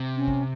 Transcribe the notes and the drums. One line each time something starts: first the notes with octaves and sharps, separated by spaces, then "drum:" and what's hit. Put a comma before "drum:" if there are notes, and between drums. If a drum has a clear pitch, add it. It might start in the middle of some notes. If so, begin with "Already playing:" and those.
Already playing: C3
C#4
drum: kick